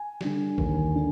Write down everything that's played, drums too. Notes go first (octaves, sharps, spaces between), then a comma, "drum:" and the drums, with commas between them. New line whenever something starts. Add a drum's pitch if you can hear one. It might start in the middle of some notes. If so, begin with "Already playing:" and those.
Already playing: G#5
D3 G3, drum: snare
D#2, drum: kick A1
D3